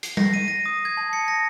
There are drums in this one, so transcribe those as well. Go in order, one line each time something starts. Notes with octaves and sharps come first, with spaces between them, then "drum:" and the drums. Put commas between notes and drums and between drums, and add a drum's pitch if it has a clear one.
C7, drum: hi-hat
A#6, drum: tom G3
D#7
A#6
D#6
G#6
A5
C#7
A#6